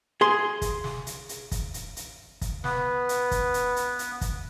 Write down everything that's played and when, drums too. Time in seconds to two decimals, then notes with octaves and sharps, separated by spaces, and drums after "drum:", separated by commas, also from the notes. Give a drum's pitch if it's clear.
0.21 G#4 C6
0.62 drum: kick, hi-hat
0.84 drum: snare
1.07 drum: hi-hat
1.29 drum: hi-hat
1.52 drum: kick, hi-hat
1.74 drum: hi-hat
1.96 drum: hi-hat
2.41 drum: kick, hi-hat
2.64 B3 B4, drum: snare
3.09 drum: hi-hat
3.31 drum: kick, hi-hat
3.54 drum: hi-hat
3.76 drum: hi-hat
3.99 drum: hi-hat
4.21 drum: kick, hi-hat